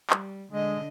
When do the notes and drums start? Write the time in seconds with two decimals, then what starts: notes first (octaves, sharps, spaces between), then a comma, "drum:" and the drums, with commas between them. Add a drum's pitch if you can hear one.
0.10 G3, drum: clap
0.52 D3 G#3 D#5